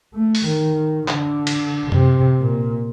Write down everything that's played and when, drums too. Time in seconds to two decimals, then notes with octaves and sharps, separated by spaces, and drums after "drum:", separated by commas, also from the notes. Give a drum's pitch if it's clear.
0.15 A3
0.35 drum: open hi-hat
0.46 D#3
1.08 D3, drum: clap
1.47 drum: cymbal
1.92 C3, drum: tom F#2
2.40 A#2